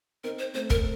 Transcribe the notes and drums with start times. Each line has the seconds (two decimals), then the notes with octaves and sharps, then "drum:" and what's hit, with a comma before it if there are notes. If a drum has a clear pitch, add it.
0.24 C4 D#4 A#4
0.39 C5
0.54 A3 C4 C5
0.70 A#4, drum: kick